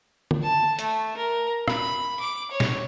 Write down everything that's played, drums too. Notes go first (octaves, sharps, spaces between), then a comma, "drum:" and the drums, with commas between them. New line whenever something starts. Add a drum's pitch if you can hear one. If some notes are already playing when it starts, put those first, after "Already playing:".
drum: tom D3
A5
A3, drum: hi-hat
A#4
B5, drum: rim click
D6
C#5
drum: snare